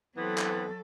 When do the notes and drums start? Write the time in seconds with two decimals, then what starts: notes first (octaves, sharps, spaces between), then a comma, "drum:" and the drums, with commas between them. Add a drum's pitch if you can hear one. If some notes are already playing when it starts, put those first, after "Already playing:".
0.17 E3 F#3 B3 C4 A4
0.38 drum: clap